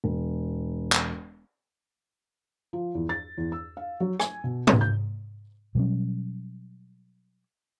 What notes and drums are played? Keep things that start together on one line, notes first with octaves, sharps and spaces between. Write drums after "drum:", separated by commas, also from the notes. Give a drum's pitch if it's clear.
E1
drum: clap
F3
E2
A6
E2
E6
F5
F#3
G#5, drum: rim click
B2
D2, drum: tom G#2
G6
B2 F#3 G3 C#4